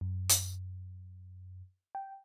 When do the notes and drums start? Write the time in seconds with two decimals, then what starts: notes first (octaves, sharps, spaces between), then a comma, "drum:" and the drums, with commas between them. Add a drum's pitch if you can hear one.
0.01 F#2
0.29 drum: hi-hat
1.95 G5